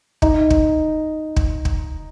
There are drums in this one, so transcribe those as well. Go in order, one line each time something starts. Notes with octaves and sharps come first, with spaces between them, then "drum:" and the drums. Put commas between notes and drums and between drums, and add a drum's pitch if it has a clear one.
D#4, drum: kick
drum: kick
drum: kick
drum: kick